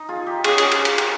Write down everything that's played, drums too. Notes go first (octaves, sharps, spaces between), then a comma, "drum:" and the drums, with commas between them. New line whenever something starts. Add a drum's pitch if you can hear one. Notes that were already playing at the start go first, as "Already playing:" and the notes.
Already playing: D#4
F4 G#4
D#4 G4
C#4 F4 G#4, drum: cymbal
drum: cymbal
drum: cymbal
drum: cymbal
D#4 G4, drum: cymbal